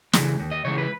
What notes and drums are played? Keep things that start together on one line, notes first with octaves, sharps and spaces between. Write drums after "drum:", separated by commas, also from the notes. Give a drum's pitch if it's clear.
C#3 E3 G#3, drum: snare
D#2
D#5
C#3 E3 G#3 C#5
B4